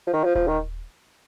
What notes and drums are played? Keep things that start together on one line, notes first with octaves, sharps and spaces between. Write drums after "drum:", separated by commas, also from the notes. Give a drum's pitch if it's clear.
F3
D#3
F3
F3, drum: kick D#1
D#3